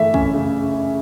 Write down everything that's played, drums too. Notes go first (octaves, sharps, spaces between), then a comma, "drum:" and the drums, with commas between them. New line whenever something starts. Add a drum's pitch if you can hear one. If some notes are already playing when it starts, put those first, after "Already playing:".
Already playing: E3 A3 E5
C#4, drum: kick
C#3